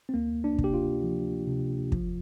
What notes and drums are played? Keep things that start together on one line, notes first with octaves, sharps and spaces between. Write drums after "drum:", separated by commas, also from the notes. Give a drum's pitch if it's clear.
C4
D2 A#3
D4
C3, drum: kick
G4
F4
F3
C3
F3, drum: kick